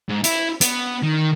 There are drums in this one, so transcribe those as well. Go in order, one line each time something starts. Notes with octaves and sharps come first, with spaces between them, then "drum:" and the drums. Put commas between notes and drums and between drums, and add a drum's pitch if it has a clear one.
G#2
E4, drum: hi-hat
B3, drum: hi-hat
D#3